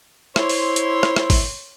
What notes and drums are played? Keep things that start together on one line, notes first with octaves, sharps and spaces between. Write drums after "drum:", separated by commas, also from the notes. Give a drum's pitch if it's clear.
E4 C5 C#5 C6, drum: rim click
drum: open hi-hat
drum: hi-hat
drum: rim click
drum: rim click
drum: kick G#1, open hi-hat